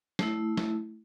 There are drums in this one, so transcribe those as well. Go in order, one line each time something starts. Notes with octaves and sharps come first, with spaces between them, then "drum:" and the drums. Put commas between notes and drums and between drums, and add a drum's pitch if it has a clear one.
A3 E4, drum: snare
drum: snare